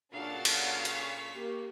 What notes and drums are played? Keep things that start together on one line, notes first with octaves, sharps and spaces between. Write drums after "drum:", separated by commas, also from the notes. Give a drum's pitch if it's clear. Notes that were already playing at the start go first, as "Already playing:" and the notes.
A#2 C#3 D4 F#4 A4 F5 A6
drum: cymbal
C#6 B6, drum: hi-hat
A#3 G4